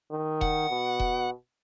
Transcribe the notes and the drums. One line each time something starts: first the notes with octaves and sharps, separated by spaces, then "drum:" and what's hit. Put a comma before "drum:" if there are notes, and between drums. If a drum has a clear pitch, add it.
D#3
F#5, drum: kick E1
B2
drum: kick E1